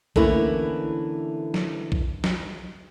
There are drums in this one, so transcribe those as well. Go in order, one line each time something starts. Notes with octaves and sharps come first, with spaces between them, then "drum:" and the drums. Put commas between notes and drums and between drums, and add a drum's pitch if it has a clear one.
D3 E3 A3 A#3 C#4 E4, drum: kick B1
drum: snare
drum: kick B1
drum: snare